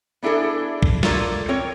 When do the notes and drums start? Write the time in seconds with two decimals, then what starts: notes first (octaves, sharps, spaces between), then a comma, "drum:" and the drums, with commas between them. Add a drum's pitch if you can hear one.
0.23 B3 D4 E4 G#4 A4
0.83 drum: kick B1
1.03 F4 A4 A#4 C#5 D5, drum: snare
1.49 C4 A#4 C#5